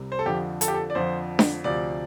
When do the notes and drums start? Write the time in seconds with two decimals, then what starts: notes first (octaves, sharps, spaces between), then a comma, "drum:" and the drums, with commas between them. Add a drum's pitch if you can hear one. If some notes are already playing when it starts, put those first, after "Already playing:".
Already playing: C2 C3 G3
0.12 C5
0.19 A4
0.26 F2 D3 F3 G4
0.61 A4, drum: hi-hat
0.68 G4
0.74 A4
0.90 D5
0.95 F2 D3 F3 C5
1.39 drum: snare D4
1.64 D2 C3 F3 D5